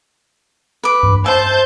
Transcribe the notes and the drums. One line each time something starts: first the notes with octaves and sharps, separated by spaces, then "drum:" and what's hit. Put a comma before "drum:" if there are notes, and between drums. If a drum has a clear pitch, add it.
B4 D6
drum: tom G2
C5 E5 A5 G6